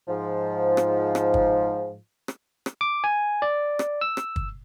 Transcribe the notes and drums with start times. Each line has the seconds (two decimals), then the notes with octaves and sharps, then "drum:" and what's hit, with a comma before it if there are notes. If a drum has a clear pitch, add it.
0.08 G#2 F3
0.77 drum: rim click
1.15 drum: rim click
1.34 drum: kick
2.28 drum: rim click
2.66 drum: rim click
2.81 D6
3.04 G#5
3.42 D5
3.79 drum: rim click
4.01 E6
4.17 drum: rim click
4.36 drum: kick